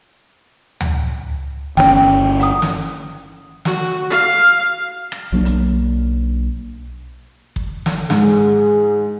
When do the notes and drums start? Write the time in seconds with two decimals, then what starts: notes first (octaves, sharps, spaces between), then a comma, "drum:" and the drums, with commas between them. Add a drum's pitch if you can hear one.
0.81 drum: tom D2
1.77 G1 D3 C#4 G5, drum: snare
2.40 F#5 A#5 D#6, drum: hi-hat
2.62 drum: snare
3.65 F#4, drum: snare
4.10 F5
5.12 drum: rim click
5.32 B1 F#3 A#3 D4
5.45 drum: hi-hat
7.56 drum: kick
7.86 drum: snare
8.10 G#2 G#4, drum: snare